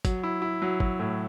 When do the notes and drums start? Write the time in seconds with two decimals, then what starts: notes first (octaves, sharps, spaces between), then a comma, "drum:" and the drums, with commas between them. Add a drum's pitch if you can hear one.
0.05 F#3, drum: kick G#1, hi-hat
0.23 E4
0.42 E4
0.62 F#3
0.80 F#3, drum: kick G#1
1.00 A2